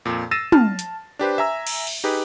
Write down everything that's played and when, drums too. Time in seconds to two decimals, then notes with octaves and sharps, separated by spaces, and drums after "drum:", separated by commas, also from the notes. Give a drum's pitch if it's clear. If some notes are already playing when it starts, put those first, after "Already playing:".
0.05 F2 A#2
0.31 E6 A6 A#6 C7 D#7 E7
0.52 A5 F6, drum: tom
0.79 drum: hi-hat
1.19 D4 G4 B4 C5
1.38 E5 G#5 A#5 E6
1.67 drum: cymbal
1.87 drum: cymbal
2.04 D#4 G4 G#4 B4